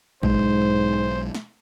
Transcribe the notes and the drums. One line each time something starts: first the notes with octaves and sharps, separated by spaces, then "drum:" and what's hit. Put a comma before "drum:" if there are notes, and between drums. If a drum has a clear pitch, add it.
B1 G#2 G#3 C5, drum: kick
drum: snare